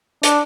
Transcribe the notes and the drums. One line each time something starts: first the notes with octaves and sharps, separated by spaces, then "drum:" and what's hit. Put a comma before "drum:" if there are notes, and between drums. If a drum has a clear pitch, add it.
D4, drum: hi-hat